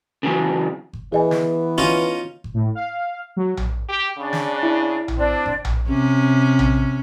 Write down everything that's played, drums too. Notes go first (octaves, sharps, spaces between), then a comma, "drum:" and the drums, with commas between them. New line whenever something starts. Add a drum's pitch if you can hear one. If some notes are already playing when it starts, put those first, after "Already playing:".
C#3 E3 F#3
drum: kick G1
E3 B3 G#4 D#5 G#5
drum: snare
C#4 D#4 F4
drum: kick G1
A2
F5
F#3
drum: tom A#1
G4
C#3 D4
drum: snare
E4
drum: tom A#1
C4 D4
drum: kick G1
drum: tom A#1
C3 C#4
drum: tom A#1